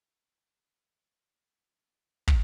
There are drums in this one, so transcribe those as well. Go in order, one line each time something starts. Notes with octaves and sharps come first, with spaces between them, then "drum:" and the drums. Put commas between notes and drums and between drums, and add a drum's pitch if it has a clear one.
F#3 A#5
drum: kick